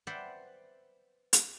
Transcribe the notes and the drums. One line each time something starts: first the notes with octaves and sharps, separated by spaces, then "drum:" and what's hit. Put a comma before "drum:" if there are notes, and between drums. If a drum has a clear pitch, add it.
B4 C5 D5 E5 F#5 G5
drum: hi-hat